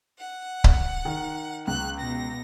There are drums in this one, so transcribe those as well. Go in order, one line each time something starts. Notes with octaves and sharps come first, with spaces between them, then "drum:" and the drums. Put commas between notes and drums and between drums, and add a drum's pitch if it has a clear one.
F#5
drum: kick C#1
D#3
C#2 F#6
B2 A#6